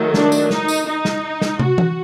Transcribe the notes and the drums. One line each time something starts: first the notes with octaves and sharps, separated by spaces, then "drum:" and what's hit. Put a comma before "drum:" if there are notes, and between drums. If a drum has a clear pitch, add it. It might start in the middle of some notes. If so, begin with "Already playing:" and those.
Already playing: D#3 F#3 A3
D4, drum: snare
drum: tambourine
D#4, drum: snare
drum: tambourine
D#4
drum: snare
drum: snare
F#4, drum: tom
drum: tom E3